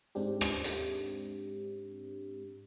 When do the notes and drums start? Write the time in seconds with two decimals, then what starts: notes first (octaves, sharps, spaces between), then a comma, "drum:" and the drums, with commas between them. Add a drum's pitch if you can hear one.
0.15 G#2 G#3 C4 D4 G4
0.41 drum: rim click
0.64 drum: hi-hat